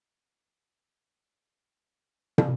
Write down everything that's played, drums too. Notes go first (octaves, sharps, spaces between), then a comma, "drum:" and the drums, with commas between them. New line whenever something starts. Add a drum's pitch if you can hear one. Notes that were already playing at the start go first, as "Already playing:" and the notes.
B2 D5
drum: tom